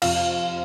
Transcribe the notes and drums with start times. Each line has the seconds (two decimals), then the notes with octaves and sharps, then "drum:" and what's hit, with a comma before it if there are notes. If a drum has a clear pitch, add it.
0.02 F2 C3 F3 F5, drum: cymbal